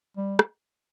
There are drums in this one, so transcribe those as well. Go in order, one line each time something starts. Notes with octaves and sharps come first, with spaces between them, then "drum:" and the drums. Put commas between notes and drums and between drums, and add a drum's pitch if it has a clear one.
G3
drum: rim click